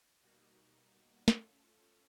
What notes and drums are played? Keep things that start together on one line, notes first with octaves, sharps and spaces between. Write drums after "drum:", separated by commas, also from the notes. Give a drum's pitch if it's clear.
B2 G3 A#3 D#4 F#4
A3 C#4 F4 A4, drum: snare